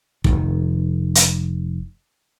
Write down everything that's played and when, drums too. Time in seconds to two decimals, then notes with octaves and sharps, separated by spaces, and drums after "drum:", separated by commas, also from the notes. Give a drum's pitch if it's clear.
0.24 F1 A#1 D#3, drum: kick
1.15 drum: hi-hat